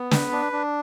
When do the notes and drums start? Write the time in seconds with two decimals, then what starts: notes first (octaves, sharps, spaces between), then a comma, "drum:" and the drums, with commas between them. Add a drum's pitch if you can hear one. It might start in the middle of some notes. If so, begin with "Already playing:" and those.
Already playing: B3
0.11 B4, drum: snare
0.32 D4
0.53 D4